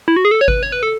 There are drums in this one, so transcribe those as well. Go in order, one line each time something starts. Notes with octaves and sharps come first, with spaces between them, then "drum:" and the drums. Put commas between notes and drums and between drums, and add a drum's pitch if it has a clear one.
E4
F#4
G#4
A4
C#5
B4, drum: kick G#1
C#5
B4
A4